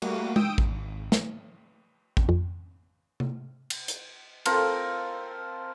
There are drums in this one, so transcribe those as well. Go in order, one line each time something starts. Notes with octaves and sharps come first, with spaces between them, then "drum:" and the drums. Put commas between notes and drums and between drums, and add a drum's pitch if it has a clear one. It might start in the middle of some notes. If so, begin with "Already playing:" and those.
G3 A3 A#3 F#4, drum: cymbal
G5 D#6 E6 D7, drum: tom G#3
G#1, drum: kick A1
drum: snare
drum: kick A1
F2
drum: tom C3
drum: cymbal
drum: hi-hat
C4 F4 A4 A#4, drum: cymbal